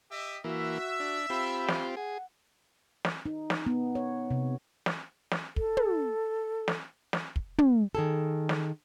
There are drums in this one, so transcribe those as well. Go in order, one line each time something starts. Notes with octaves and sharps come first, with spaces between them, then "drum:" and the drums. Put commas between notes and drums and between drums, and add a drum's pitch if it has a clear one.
G4 D#5 E5
E3 A#3 F#4 E5
D4
C4 F4 G4 B5
drum: snare
G#4 F#5
drum: snare
D#4
drum: snare
B3
C#5
C3
drum: snare
drum: snare
A4, drum: kick
drum: tom
drum: snare
drum: snare
drum: kick
drum: tom
D#3 G#4 A4
drum: snare